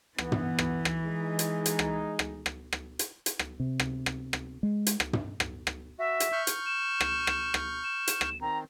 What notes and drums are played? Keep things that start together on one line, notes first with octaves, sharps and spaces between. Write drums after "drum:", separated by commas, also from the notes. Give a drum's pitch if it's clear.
E3 B3, drum: rim click
drum: tom
drum: rim click
drum: rim click
G#3 D#4
drum: hi-hat
drum: hi-hat
drum: rim click
drum: rim click
drum: rim click
drum: rim click
drum: hi-hat
drum: hi-hat
drum: rim click
C3
drum: rim click
drum: rim click
drum: rim click
G#3
drum: hi-hat
drum: rim click
drum: tom
drum: rim click
drum: rim click
F#4 E5
drum: hi-hat
C#6 F6 G6
drum: hi-hat
E7
drum: rim click
drum: rim click
drum: rim click
E7
drum: hi-hat
drum: rim click
D#3 C4 A#5